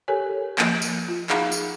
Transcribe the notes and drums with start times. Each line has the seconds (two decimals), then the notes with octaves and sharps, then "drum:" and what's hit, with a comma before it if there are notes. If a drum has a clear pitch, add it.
0.08 G4 A4 A#4 C#5 G#5
0.58 F3 A#3, drum: clap
0.82 drum: tambourine
1.08 F4
1.30 D#4 G#4 F5 F#5 A#5 B5, drum: clap
1.52 drum: tambourine